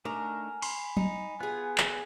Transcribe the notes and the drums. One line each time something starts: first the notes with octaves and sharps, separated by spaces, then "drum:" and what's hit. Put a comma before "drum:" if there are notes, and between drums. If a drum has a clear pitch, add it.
A3 D4 D#4 A#4 G#5
B5 C6, drum: cymbal
D#4, drum: tom
B3 F4 G#4 B4
drum: clap